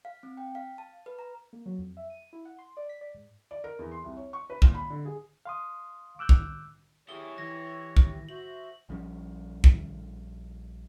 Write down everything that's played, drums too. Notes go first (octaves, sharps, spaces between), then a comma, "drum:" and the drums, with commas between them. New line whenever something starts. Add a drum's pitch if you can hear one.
F5
C4
G5
F5
A5
B4
A#5
A#3
F#3
F2
E5
D#7
E4
F#5
C6
D5
B6
D5
G#2
D5
A#4
E2
C6
C2
C#5
C#6
B4
A#2, drum: kick
B5
D3
G#4
F5 C6 D#6
D6 E6 F#6 G6
drum: kick
E4 G4 G#4 C#5 G7
E3 A#6
drum: kick
F#4 C5 E5 F#7
A#1 F3 G3 C#4
drum: kick